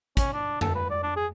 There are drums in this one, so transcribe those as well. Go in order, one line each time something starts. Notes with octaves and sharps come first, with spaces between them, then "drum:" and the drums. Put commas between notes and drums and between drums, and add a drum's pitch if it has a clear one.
C#4, drum: kick, hi-hat
D4
A4, drum: tom F2
B4
D5
D4
G#4